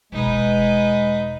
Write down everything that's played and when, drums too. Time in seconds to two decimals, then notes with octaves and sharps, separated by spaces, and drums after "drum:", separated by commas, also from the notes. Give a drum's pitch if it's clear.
0.12 E1 G#3 D#4 B4
0.26 drum: kick D#1